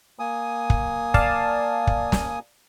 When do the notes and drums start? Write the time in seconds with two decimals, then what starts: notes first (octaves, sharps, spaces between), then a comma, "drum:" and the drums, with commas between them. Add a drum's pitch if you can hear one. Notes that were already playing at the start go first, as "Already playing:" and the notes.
0.19 A#3 G#5 D#6
0.70 drum: kick
1.14 D5 F5 A5, drum: kick
1.87 drum: kick
2.12 drum: snare